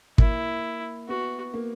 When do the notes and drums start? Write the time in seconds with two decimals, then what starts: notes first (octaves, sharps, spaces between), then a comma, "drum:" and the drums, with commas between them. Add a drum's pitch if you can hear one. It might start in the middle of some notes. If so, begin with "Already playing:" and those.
0.18 A#3 E4, drum: kick
1.08 B3 F#4
1.54 A#3